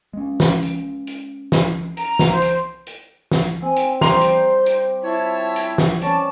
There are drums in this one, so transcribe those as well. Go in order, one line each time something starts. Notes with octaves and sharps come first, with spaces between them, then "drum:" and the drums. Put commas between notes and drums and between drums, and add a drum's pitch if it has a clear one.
G#3 C#4
drum: snare
drum: hi-hat
drum: hi-hat
drum: snare
A#5, drum: hi-hat
drum: snare
C5
drum: hi-hat
drum: hi-hat
drum: snare
C4 G#5
drum: hi-hat
G3 C5 A#5 C6 F7, drum: snare
drum: hi-hat
drum: hi-hat
E4 F4 C#5 A5
drum: hi-hat
drum: snare
C#4 C#5 D5 A5, drum: hi-hat